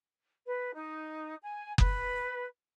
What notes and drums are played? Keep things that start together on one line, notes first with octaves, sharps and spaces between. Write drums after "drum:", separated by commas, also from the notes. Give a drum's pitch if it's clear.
B4
D#4
G#5
B4, drum: kick F#1